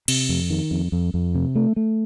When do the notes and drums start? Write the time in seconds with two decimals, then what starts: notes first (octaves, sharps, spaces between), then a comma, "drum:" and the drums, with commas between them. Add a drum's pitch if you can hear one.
0.08 C3, drum: cymbal
0.29 F2
0.50 D#3
0.71 F2
0.92 F2
1.14 F2
1.35 C3
1.55 A3
1.76 A3